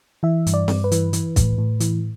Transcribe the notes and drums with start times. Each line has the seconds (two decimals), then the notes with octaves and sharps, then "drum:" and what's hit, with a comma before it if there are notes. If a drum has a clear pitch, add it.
0.23 E3 E5
0.47 G2, drum: hi-hat
0.54 D5
0.68 G2, drum: snare C4
0.84 B4
0.92 E3, drum: hi-hat
1.13 E3, drum: hi-hat
1.36 A2, drum: kick, hi-hat
1.58 A2
1.80 E3, drum: hi-hat